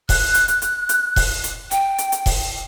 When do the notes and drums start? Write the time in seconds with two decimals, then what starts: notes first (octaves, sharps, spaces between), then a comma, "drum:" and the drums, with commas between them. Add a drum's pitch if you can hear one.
0.09 F#6, drum: kick E1, open hi-hat
0.34 drum: hi-hat
0.48 drum: hi-hat
0.62 drum: hi-hat
0.89 drum: hi-hat
1.16 drum: kick E1, open hi-hat
1.44 drum: hi-hat
1.71 G5, drum: hi-hat
1.98 drum: hi-hat
2.12 drum: hi-hat
2.26 drum: kick E1, open hi-hat